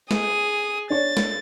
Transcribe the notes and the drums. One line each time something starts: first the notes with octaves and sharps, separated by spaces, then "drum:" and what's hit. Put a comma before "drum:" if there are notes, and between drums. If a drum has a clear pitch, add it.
G#4 D#6, drum: snare
D4 C#5 D5 A6
drum: snare